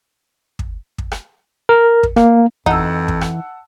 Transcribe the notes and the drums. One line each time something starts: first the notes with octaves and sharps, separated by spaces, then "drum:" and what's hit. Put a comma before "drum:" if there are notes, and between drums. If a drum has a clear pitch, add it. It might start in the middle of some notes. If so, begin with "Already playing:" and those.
drum: kick
drum: kick
drum: rim click
A#4
drum: kick
A#3, drum: rim click
F2 E3 D#4 F#5 A5 E6, drum: kick
drum: kick
drum: rim click